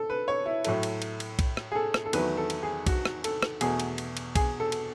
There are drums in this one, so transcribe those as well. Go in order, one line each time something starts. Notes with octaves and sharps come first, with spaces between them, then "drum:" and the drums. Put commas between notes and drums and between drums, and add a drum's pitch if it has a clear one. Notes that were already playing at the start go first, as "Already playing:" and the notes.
Already playing: A4
B4
C#5
E4
A2 F#3 A3, drum: cymbal
drum: cymbal
drum: cymbal
drum: cymbal
drum: kick B1, cymbal
drum: rim click
G#4
A4
drum: rim click
A4
E2 D#3 F#3 A3 B4, drum: cymbal
A4
drum: cymbal
G#4
F#4, drum: kick B1, cymbal
drum: rim click
A4, drum: cymbal
drum: rim click
E2 B2 A3 G#4, drum: cymbal
drum: cymbal
drum: cymbal
drum: cymbal
G#4, drum: kick B1, cymbal
A4
drum: cymbal